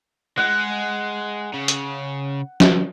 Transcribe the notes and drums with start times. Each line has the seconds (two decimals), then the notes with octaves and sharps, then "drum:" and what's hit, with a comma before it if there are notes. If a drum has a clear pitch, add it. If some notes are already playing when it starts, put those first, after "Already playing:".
0.38 G#3 F#5
1.54 C#3
1.68 drum: hi-hat
2.60 drum: snare